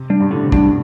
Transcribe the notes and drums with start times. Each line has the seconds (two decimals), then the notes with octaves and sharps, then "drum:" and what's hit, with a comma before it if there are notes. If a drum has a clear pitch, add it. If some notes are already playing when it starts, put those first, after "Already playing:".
Already playing: C3
0.10 G3 D4
0.20 G2
0.30 A2 D3
0.43 C3
0.52 B2 G3 D4, drum: kick